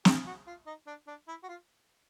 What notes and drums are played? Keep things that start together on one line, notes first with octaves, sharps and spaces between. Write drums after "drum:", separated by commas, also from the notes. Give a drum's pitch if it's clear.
G4, drum: snare
F#4
F4
D#4
D4
D4
E4
F#4
F4